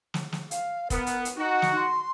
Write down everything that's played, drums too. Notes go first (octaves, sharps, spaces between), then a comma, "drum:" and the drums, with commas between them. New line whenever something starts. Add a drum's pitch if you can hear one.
drum: snare
drum: snare
F5, drum: hi-hat
B3 A#4, drum: kick, hi-hat
drum: hi-hat
drum: hi-hat
D#4 F#4
drum: snare
C6